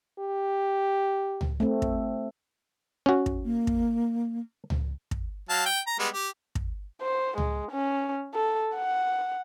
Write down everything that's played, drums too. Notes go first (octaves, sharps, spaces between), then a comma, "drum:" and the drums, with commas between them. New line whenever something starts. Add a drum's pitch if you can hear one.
G4
drum: tom C#2
A3 C4
drum: kick
C#4 F#4
drum: kick
A#3
drum: kick
drum: tom C#2
drum: kick
F#3 F5 A5
G5
A#5
G3 G#3 B3
G4
drum: kick
C5
G#3, drum: tom C#2
C#4
A4
F#5